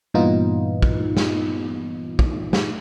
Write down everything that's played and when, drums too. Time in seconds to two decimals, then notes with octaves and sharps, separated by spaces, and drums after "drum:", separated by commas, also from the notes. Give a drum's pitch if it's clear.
0.14 G2 A#2 E3 B3 D#4 F4
0.82 drum: kick
1.17 drum: snare
2.19 drum: kick
2.53 drum: snare